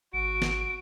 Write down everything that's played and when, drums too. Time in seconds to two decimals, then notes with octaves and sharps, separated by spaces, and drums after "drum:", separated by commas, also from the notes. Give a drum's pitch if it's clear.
0.13 G#1 F#4 D7
0.42 drum: snare